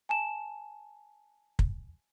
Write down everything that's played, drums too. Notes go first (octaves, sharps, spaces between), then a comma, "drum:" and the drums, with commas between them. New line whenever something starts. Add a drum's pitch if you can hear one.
G#5 A5 E7
drum: kick